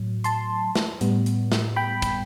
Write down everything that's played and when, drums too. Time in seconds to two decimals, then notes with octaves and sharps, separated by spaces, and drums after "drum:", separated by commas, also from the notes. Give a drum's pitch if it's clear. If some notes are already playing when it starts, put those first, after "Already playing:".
Already playing: A2 F#3
0.24 A5 C6, drum: hi-hat
0.75 drum: snare
1.01 A2 G3 B3, drum: hi-hat
1.26 drum: hi-hat
1.52 drum: snare
1.76 G5 B5
2.02 drum: kick, hi-hat